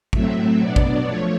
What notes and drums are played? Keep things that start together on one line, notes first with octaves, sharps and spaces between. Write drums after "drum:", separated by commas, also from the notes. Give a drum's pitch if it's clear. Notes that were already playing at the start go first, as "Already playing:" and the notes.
A2 F#3 A3 C4 E5, drum: kick A1
B2 F#3 B3 D4 D5
drum: kick A1
F3 A3 C#5